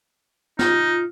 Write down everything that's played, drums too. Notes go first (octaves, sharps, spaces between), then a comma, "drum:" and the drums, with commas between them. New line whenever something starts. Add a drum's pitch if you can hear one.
D#4 F4, drum: snare